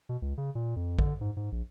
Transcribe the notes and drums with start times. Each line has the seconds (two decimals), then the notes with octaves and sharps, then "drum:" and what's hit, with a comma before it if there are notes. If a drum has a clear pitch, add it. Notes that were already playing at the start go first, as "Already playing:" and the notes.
0.09 B2
0.22 C#2
0.38 C#3
0.55 A#2
0.76 F2
0.99 D3, drum: kick A1
1.21 G#2
1.37 G#2
1.52 A#1